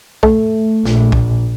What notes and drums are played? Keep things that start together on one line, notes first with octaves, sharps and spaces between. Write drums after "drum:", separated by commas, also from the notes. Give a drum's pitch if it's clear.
A3, drum: kick
A#1, drum: snare
drum: kick